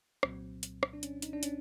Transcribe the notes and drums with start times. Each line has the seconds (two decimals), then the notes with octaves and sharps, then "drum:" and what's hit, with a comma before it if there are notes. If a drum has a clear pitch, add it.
0.23 C2 A#2 F#3 C4, drum: rim click
0.63 drum: hi-hat
0.83 drum: rim click
0.93 D4
1.03 C#4, drum: hi-hat
1.22 D#4, drum: hi-hat
1.33 D4
1.43 C#4, drum: hi-hat